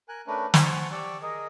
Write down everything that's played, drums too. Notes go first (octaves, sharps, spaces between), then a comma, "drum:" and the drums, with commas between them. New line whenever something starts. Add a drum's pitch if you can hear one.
A#4 G#5 F#6
A3 C#4 D4 A#4 B4
C5 F#5 G#5 A5 C6 C#6, drum: snare
G4 D5 C#6 E6
G#4 A#4 D#5